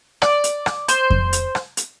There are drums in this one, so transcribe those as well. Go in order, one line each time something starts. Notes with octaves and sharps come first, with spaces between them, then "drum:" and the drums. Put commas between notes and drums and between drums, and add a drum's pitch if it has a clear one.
D5, drum: rim click
drum: hi-hat
drum: rim click
C5, drum: hi-hat
drum: kick F2
drum: hi-hat
drum: rim click
drum: hi-hat